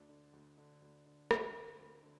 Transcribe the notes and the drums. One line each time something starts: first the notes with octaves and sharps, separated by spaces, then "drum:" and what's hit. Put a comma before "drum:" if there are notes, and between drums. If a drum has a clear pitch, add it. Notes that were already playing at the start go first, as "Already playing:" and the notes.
Already playing: D2 D4
D3
D2
D3
D2
D3
D2 C4, drum: rim click
D3
D2
D3